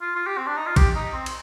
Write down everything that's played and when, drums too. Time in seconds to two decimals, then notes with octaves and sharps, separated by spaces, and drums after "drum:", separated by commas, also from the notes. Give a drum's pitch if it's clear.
0.01 F4
0.16 F4
0.27 G4
0.38 C4
0.47 D4
0.57 D#4
0.67 F4
0.76 G4, drum: kick, cymbal
0.95 D#4
1.13 C4
1.26 drum: cymbal